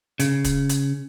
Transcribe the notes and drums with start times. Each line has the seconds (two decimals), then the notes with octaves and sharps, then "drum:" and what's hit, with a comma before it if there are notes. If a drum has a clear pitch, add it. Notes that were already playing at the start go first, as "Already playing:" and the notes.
0.20 C#3, drum: hi-hat
0.44 drum: kick, hi-hat
0.69 drum: hi-hat